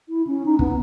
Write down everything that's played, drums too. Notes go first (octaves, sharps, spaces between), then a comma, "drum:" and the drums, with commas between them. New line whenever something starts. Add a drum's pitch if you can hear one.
E4
C#4
D#4
B3, drum: kick